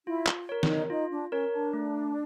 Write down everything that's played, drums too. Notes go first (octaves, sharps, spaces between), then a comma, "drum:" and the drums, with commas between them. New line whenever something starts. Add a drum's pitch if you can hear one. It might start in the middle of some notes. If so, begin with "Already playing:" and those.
E4 F4
drum: clap
A#4 C#5
D#4, drum: snare
D#4 F4
D4
C#4 A#4 C#5
D4
A3